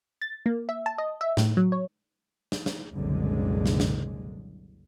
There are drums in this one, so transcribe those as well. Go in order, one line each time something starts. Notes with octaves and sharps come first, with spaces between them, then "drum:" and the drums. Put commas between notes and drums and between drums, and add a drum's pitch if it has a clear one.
A6
A#3
E5
A5
D#5
E5
A2, drum: snare
F#3
C#5
drum: snare
drum: snare
F#1 C2 A#2 D3 G#3
drum: snare
drum: snare